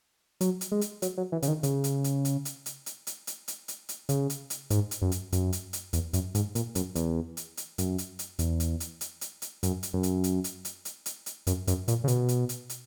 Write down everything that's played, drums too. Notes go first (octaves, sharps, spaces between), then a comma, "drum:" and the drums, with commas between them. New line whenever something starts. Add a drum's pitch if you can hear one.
F#3, drum: hi-hat
drum: hi-hat
G#3
drum: hi-hat
F#3, drum: hi-hat
F#3
E3
C#3, drum: hi-hat
D#3
C#3, drum: hi-hat
drum: hi-hat
drum: hi-hat
drum: hi-hat
drum: hi-hat
drum: hi-hat
drum: hi-hat
drum: hi-hat
drum: hi-hat
drum: hi-hat
drum: hi-hat
drum: hi-hat
C#3, drum: hi-hat
drum: hi-hat
drum: hi-hat
G#2, drum: hi-hat
drum: hi-hat
F#2
drum: hi-hat
F#2, drum: hi-hat
drum: hi-hat
drum: hi-hat
E2, drum: hi-hat
F#2, drum: hi-hat
G#2, drum: hi-hat
A#2, drum: hi-hat
F#2, drum: hi-hat
E2, drum: hi-hat
drum: hi-hat
drum: hi-hat
F#2, drum: hi-hat
drum: hi-hat
drum: hi-hat
E2, drum: hi-hat
drum: hi-hat
drum: hi-hat
drum: hi-hat
drum: hi-hat
drum: hi-hat
F#2, drum: hi-hat
drum: hi-hat
F#2
drum: hi-hat
drum: hi-hat
drum: hi-hat
drum: hi-hat
drum: hi-hat
drum: hi-hat
drum: hi-hat
F#2, drum: hi-hat
F#2, drum: hi-hat
A#2, drum: hi-hat
C#3
B2, drum: hi-hat
drum: hi-hat
drum: hi-hat
drum: hi-hat